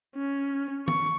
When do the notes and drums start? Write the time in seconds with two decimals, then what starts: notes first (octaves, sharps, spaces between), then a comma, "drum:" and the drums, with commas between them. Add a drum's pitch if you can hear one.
0.15 C#4
0.88 C#6, drum: tom D#3